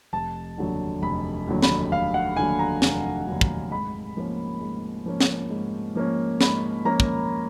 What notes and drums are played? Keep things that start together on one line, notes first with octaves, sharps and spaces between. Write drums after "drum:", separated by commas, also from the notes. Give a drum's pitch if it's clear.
F1 A5
D#2 D3 F#3
F1 B5
D#2 D3 F#3
B5, drum: snare
F1 F5
F#5
D#2 D3 F#3 G#5
A#5
F1, drum: snare
D#2 D3 F#3
drum: kick
G#2 B5
F3 A#3 C#4
G#2
F3 A#3 C#4
drum: snare
G#2
F3 A#3 C#4
G#2 B5, drum: snare
F3 A#3 C#4 A#5
drum: kick